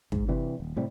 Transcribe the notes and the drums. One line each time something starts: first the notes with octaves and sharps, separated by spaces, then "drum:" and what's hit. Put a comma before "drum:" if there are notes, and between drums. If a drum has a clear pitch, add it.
G#2, drum: kick
C3 E3 G3
D#1
A2 C3 G3